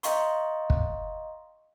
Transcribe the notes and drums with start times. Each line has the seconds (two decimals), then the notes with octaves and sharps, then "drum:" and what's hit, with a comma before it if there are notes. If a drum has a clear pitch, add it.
0.03 D#5 F5 G5 A#5 C6 C#6, drum: hi-hat
0.70 drum: kick